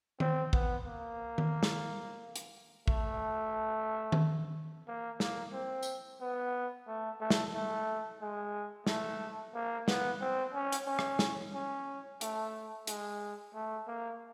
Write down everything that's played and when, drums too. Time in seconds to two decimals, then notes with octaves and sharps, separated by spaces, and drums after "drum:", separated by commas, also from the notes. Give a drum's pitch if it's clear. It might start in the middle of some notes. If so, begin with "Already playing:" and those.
0.20 C4, drum: tom D#3
0.53 B3, drum: kick
0.86 A#3
1.38 drum: tom D#3
1.63 drum: snare
2.36 drum: hi-hat
2.88 A3, drum: kick
4.12 drum: tom D#3
4.88 A#3
5.20 A#3, drum: snare
5.53 C4
5.83 drum: tambourine
6.21 B3
6.87 A3
7.20 A3
7.30 drum: snare
7.54 A3
8.21 G#3
8.87 A3, drum: snare
9.54 A#3
9.88 B3, drum: snare
10.21 C4
10.54 C#4
10.72 drum: hi-hat
10.87 C#4
10.99 drum: rim click
11.19 drum: snare
11.54 C#4
12.21 A3, drum: hi-hat
12.87 G#3, drum: hi-hat
13.54 A3
13.87 A#3